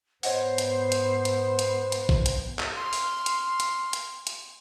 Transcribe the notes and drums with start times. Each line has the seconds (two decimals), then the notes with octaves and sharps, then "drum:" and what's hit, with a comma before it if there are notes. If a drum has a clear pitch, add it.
0.23 G#2 B3 C5 C#5 D#5 F#5, drum: open hi-hat
0.58 drum: hi-hat
0.92 drum: hi-hat
1.25 drum: hi-hat
1.59 drum: hi-hat
1.92 drum: hi-hat
2.09 drum: kick
2.26 drum: hi-hat
2.59 drum: clap
2.76 C6 F6
2.93 drum: open hi-hat
3.26 drum: hi-hat
3.60 drum: hi-hat
3.93 drum: hi-hat
4.27 drum: hi-hat